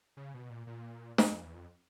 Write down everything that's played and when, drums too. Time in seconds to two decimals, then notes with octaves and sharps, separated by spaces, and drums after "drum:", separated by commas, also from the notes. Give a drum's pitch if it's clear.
0.17 C#3
0.34 B2
0.50 A#2
0.67 A#2
1.18 G#2, drum: snare
1.31 F2
1.43 E2
1.55 F2